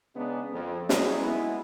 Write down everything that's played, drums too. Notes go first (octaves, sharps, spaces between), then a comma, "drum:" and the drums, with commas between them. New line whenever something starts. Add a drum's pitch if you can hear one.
C#3 G#3 B3 D4 D#4
F2
F#3 G3 C#4 D#4 E4 G#4, drum: snare
G#3 B3 E4